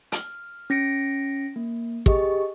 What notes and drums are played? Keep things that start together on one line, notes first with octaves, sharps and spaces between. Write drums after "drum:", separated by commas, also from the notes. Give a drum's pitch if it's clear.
F6, drum: hi-hat
C#4 A#6 C#7 D7
A#3
G4 G#4 D#5 C#6, drum: kick